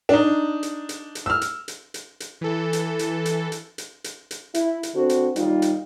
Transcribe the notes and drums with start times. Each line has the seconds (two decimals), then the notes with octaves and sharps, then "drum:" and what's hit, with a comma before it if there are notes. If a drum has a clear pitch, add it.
0.09 D4 D#4
0.63 drum: hi-hat
0.89 drum: hi-hat
1.15 drum: hi-hat
1.26 E6 F6
1.41 drum: hi-hat
1.68 drum: hi-hat
1.94 drum: hi-hat
2.20 drum: hi-hat
2.41 E3 A4
2.73 drum: hi-hat
2.99 drum: hi-hat
3.25 drum: hi-hat
3.52 drum: hi-hat
3.78 drum: hi-hat
4.04 drum: hi-hat
4.31 drum: hi-hat
4.54 E4, drum: hi-hat
4.83 drum: hi-hat
4.95 D3 C4 F#4 C5
5.09 drum: hi-hat
5.36 D#2 G3 D#4 F4, drum: hi-hat
5.62 drum: hi-hat